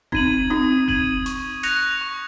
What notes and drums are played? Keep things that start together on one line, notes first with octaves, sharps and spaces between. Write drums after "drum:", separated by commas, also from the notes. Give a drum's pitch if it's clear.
C4 D#4 G#6 D#7 F#7, drum: kick F1
C4 D#4 D#6
G#6 D#7 F#7, drum: kick F1
C#6, drum: hi-hat
F#6 A#6 C#7 F7, drum: hi-hat
C#6